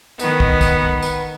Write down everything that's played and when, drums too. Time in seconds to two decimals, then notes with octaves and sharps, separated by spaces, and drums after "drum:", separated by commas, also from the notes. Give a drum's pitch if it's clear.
0.19 D#3 B3, drum: tambourine
0.40 drum: kick
0.61 drum: kick, tambourine
1.02 drum: tambourine